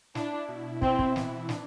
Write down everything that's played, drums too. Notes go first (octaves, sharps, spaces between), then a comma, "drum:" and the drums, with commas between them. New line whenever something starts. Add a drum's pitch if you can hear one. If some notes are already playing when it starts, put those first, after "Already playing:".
D4 E4, drum: snare
B2
C4 E4, drum: kick
drum: kick
E3, drum: snare
D4, drum: snare